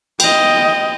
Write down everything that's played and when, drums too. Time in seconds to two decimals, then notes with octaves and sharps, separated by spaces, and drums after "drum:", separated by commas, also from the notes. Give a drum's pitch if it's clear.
0.20 D#5 G5, drum: cymbal